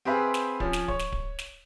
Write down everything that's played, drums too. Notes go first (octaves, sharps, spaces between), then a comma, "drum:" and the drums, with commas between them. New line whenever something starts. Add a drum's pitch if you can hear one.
C4 G4 G#4 B4 E5 F5
drum: snare
F3 C#4, drum: kick D1
drum: snare
C#5, drum: kick D1
drum: snare
drum: kick D1
drum: snare